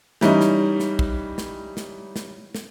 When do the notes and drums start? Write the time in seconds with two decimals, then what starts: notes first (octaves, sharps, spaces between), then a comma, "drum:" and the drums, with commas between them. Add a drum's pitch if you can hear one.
0.21 E3 G3 C#4 D#4, drum: snare
0.41 drum: snare
0.80 drum: snare
0.99 drum: kick
1.38 drum: snare
1.77 drum: snare
2.16 drum: snare
2.55 drum: snare